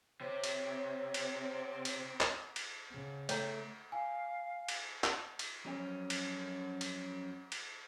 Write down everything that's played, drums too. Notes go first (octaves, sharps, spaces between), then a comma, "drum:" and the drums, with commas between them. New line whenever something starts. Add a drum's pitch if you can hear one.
C3 C4 C#5
drum: cymbal
drum: cymbal
drum: cymbal
drum: clap
drum: cymbal
C#3
B2 A3 C#5 G5 G#5 A#5, drum: cymbal
F5 G#5
drum: cymbal
drum: clap
drum: cymbal
F2 F#3 C#4 G#5
drum: cymbal
drum: cymbal
drum: cymbal